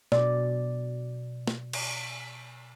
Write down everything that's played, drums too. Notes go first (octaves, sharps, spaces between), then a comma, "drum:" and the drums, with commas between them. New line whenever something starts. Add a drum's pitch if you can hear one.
B2 D5, drum: snare
drum: snare
drum: cymbal